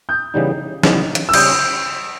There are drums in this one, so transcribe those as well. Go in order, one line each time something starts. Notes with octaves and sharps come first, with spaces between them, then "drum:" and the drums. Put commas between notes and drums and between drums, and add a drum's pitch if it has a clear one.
D#6 G6
C#3 E3 G3 B3 D#4
C#3 E3 G3 B3 D#4, drum: snare
drum: hi-hat
E6
C#3 G3 C#4 G#4 D#6 G6, drum: cymbal